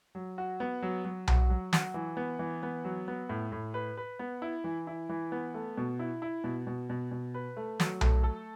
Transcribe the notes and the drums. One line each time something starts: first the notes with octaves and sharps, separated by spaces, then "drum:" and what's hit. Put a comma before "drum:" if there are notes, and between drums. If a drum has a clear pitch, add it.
F#3
F#4
B3
F#3
F#3
F#4, drum: tom B1
F#3
F#4, drum: snare
E3
B3
E3
B3
F#3
B3
A2
A2
B4
B4
B3
E4
E3
E4
E3
B3
A3
B2
E4
E4
B2
B2
B2
B2
B4
A3
F#3, drum: snare
A3, drum: tom B1
A4